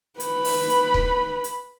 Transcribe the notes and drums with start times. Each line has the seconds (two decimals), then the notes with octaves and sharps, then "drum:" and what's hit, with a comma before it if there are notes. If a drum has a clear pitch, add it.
0.20 B4 B5, drum: hi-hat
0.45 drum: open hi-hat
0.69 drum: hi-hat
0.94 drum: kick
1.44 drum: hi-hat